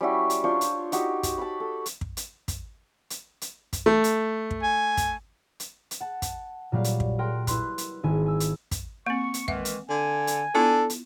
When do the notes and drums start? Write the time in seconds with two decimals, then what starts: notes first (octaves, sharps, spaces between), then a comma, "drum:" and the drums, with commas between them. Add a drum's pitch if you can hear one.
0.01 G3 C#4 E4 F#4
0.30 drum: hi-hat
0.44 D4 F4 C5 C#5
0.61 drum: hi-hat
0.92 D#4 F#4 G4, drum: hi-hat
1.23 drum: kick, hi-hat
1.38 A5 B5
1.60 A4
1.86 drum: hi-hat
2.01 drum: kick
2.17 drum: hi-hat
2.48 drum: kick, hi-hat
3.10 drum: hi-hat
3.41 drum: hi-hat
3.73 drum: kick, hi-hat
3.86 A3
4.04 drum: hi-hat
4.51 drum: kick
4.63 G#5
4.97 drum: kick, hi-hat
5.60 drum: hi-hat
5.91 drum: hi-hat
6.00 F#5 A5
6.22 drum: kick, hi-hat
6.72 A#2 F#3 G3 F5
6.84 drum: hi-hat
7.00 drum: kick
7.19 A#4 G5 C6 F#6
7.47 E4 B4 C6 F#6, drum: kick, hi-hat
7.78 drum: hi-hat
8.03 G#1 E4 G#5
8.26 G#5 E6
8.40 drum: hi-hat
8.71 drum: kick, hi-hat
9.06 A#3 C4 C#6
9.34 drum: hi-hat
9.48 D#3 E3 G#3 E5 F#5, drum: kick
9.65 drum: hi-hat
9.89 D3 G#5
10.27 drum: hi-hat
10.55 B3 D4 E4 F4 A4
10.90 drum: hi-hat